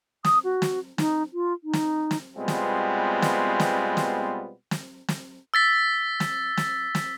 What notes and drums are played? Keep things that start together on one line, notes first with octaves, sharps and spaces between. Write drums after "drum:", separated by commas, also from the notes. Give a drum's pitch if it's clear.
D#6, drum: snare
F#4
drum: snare
D#4, drum: snare
F4
D#4
drum: snare
drum: snare
B2 G3 G#3 B3 C4 F4
drum: snare
drum: snare
drum: snare
drum: snare
drum: snare
drum: snare
E6 A6 B6
drum: snare
drum: snare
drum: snare